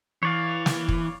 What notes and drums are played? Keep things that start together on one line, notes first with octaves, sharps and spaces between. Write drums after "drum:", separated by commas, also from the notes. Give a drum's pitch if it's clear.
E3 C#5 D5 F5
drum: snare
drum: kick